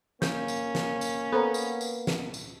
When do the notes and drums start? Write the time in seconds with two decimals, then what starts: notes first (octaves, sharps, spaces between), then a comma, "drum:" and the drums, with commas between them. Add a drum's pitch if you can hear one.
0.22 A#3 C#4 G6, drum: snare
0.48 drum: tambourine
0.75 drum: snare
1.01 drum: tambourine
1.32 B3 A4 C5 A#5
1.54 drum: tambourine
1.81 drum: tambourine
2.07 drum: snare
2.34 drum: tambourine